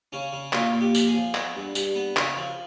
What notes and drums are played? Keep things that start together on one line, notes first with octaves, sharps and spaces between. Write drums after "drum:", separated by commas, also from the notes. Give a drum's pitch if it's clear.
C#3 C#4
C#3
A#2 F4, drum: clap
A#2
G4
F3, drum: tambourine
G#4
F3
B3, drum: clap
G2
G2, drum: tambourine
B3
C#3, drum: clap
F3